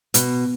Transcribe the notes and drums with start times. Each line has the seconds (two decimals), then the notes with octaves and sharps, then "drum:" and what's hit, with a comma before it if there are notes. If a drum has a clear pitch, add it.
0.14 B2, drum: hi-hat